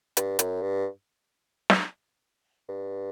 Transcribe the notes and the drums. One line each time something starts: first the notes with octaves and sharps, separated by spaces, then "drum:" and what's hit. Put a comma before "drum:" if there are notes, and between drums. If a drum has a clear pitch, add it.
G2, drum: hi-hat
F#2, drum: hi-hat
G2
drum: snare
G2